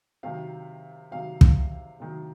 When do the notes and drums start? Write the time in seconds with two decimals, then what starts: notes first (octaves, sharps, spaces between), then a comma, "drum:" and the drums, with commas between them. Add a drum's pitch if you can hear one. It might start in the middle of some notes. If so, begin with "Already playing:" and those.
0.23 C3 D#3 F#3 F5
1.12 C3 D#3 F#3 F5
1.41 drum: kick
2.00 C3 D#3 F#3